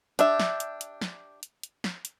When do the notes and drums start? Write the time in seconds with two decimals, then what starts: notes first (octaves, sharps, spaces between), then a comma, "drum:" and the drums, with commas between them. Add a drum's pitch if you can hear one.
0.19 D4 G4 E5, drum: hi-hat
0.40 drum: snare
0.60 drum: hi-hat
0.81 drum: hi-hat
1.01 drum: snare
1.43 drum: hi-hat
1.63 drum: hi-hat
1.84 drum: snare
2.05 drum: hi-hat